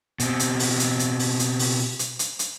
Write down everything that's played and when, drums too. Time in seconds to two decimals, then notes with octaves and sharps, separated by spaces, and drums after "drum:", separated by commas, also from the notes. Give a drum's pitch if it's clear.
0.20 B2 C4, drum: hi-hat
0.40 drum: hi-hat
0.59 drum: open hi-hat
0.79 drum: hi-hat
0.99 drum: hi-hat
1.19 drum: open hi-hat
1.39 drum: hi-hat
1.59 drum: open hi-hat
1.99 drum: hi-hat
2.19 drum: hi-hat
2.39 drum: hi-hat